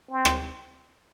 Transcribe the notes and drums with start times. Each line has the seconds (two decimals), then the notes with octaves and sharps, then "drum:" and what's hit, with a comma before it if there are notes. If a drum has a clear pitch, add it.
0.11 C4
0.25 drum: rim click